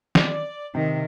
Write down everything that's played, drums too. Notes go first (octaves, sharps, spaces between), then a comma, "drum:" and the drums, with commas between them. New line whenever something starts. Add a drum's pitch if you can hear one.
D5, drum: snare
C3 D#3